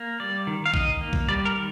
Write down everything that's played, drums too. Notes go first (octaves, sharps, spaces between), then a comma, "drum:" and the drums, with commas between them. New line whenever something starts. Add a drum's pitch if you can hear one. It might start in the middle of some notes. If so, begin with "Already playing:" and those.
Already playing: A#3
G3 D5
D#3
F5
D#3 D#5, drum: kick
A#3
drum: kick
G3 D5
A#4
D#3